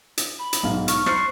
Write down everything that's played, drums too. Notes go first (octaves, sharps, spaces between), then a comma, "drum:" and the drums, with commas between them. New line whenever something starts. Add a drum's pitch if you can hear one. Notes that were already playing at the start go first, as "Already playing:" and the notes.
drum: hi-hat
B5
drum: hi-hat
B1 G#2 F5
C#6 F6, drum: hi-hat
C5 F#6 A6 C#7, drum: rim click